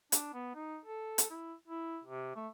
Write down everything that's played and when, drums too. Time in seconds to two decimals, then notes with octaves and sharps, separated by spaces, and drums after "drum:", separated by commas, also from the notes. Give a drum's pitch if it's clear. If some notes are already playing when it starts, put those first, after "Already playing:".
0.12 D4, drum: hi-hat
0.34 B3
0.55 D#4
0.85 A4
1.18 drum: hi-hat
1.30 E4
1.68 E4
2.04 C3
2.36 A3